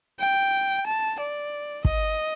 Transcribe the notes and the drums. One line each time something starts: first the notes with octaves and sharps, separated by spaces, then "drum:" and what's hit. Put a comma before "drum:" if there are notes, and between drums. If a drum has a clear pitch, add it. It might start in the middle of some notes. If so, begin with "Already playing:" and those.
G5
A5
D5
D#5, drum: kick